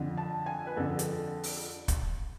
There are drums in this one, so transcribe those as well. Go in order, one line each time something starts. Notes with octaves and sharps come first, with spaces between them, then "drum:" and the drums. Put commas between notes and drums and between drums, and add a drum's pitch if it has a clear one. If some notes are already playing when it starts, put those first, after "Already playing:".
Already playing: F2 D3
A5
G#5
B4
F2 D3 A4
A4, drum: hi-hat
drum: open hi-hat
drum: kick, hi-hat